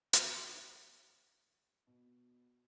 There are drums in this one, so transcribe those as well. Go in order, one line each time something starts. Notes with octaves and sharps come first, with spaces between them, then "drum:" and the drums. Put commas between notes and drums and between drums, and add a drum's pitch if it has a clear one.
drum: hi-hat
B2